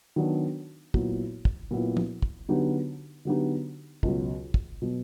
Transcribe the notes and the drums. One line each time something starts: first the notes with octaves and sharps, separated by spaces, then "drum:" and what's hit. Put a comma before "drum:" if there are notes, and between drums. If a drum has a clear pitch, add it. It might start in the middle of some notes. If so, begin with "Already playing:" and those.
D#3 F#3 B3 D4
A#2 F#3 B3 E4, drum: kick
drum: kick
A#2 F#3 B3 E4
drum: tom F3
drum: kick
D3 F#3 B3 D#4 G4
D3 F#3 B3 D#4 G4
C#2 B2 F#3, drum: kick
drum: kick
B2 F#3